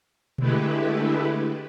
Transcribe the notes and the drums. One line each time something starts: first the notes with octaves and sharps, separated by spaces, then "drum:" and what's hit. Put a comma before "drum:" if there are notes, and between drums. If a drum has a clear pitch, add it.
D3 G#3 A3 E4 G4 B4, drum: tom B2